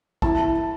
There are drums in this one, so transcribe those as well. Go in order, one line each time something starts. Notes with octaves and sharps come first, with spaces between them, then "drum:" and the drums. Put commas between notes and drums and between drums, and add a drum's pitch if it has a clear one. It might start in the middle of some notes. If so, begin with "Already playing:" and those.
E4 A5, drum: kick